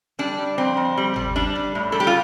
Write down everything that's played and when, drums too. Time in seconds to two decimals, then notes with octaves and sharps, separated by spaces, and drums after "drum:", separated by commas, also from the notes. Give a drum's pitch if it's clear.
0.19 G3 D4
0.38 G3
0.58 F2 C4
0.77 F2
0.97 G3
1.16 G3, drum: tom G1
1.36 G3 D4
1.56 G3
1.75 A2
1.92 G3 A4
2.00 G4
2.07 F4